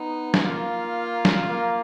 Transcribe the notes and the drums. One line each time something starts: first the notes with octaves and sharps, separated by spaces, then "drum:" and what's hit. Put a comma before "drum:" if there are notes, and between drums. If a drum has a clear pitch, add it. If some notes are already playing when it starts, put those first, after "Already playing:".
Already playing: B3 D#4
drum: snare
A#3 F4
drum: snare
A#3